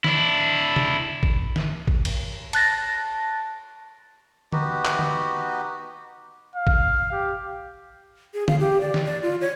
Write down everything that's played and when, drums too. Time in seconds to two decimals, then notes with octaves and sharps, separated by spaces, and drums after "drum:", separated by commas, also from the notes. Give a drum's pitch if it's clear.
0.04 D4 E4, drum: snare
0.76 drum: tom C3
1.23 drum: kick
1.56 drum: snare
1.87 drum: kick
2.05 drum: cymbal
2.53 A5 F#6 A6 A#6, drum: cymbal
4.52 B3 D#4 F#4 G4, drum: tom D3
4.85 drum: clap
4.99 drum: tom D3
6.55 F5
6.67 drum: kick
7.12 G4
8.34 G#4
8.48 F5, drum: tom D3
8.60 G4
8.81 D5
8.94 drum: snare
9.05 D5
9.22 F4
9.41 C#5